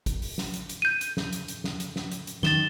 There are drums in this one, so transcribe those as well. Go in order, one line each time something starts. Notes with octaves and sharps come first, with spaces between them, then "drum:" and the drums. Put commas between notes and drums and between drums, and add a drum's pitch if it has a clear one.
drum: kick, hi-hat
drum: open hi-hat
drum: snare
drum: hi-hat
drum: hi-hat
G6 D#7
drum: hi-hat
drum: snare
drum: hi-hat
drum: hi-hat
drum: snare
drum: hi-hat
drum: snare
drum: hi-hat
drum: hi-hat
D#3 A6 E7 G7, drum: snare